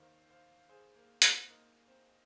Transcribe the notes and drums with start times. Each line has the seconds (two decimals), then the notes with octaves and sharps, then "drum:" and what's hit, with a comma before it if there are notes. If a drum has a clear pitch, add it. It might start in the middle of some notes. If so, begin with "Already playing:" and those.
Already playing: D#2 D#3 C5 F5
0.30 C5 F5
0.69 G#4 C5
0.95 A#3
1.22 C4, drum: hi-hat
1.48 A#3 D#4
1.88 C4